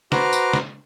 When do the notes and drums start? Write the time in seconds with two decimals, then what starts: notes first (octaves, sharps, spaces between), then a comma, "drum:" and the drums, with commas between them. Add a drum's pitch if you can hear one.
0.12 F#4 B4 C5 A#5 D6 F6, drum: snare
0.33 drum: tambourine
0.53 drum: snare